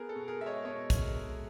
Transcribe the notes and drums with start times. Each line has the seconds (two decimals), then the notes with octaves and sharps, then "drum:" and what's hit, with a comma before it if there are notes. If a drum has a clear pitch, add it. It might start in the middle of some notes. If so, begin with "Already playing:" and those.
Already playing: B3 G#4 A#4
0.09 A4
0.15 B2
0.28 G#4 A#4
0.40 G#3 E5
0.46 C#5 D#5
0.65 B2 C#5 D#5
0.90 G#3, drum: kick, hi-hat
1.14 G#3